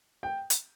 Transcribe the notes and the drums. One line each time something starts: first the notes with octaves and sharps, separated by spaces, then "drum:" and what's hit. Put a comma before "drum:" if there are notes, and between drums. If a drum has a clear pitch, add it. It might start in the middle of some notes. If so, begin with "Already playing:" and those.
G5
drum: hi-hat